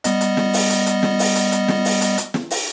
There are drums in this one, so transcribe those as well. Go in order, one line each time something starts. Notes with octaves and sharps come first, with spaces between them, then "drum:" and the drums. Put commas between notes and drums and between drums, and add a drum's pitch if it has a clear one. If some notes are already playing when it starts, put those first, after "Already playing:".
G3 B3 D#5, drum: hi-hat
drum: hi-hat
drum: snare
drum: open hi-hat
drum: hi-hat
drum: hi-hat
drum: snare
drum: open hi-hat
drum: hi-hat
drum: hi-hat
drum: snare
drum: open hi-hat
drum: hi-hat
drum: hi-hat
drum: snare
drum: open hi-hat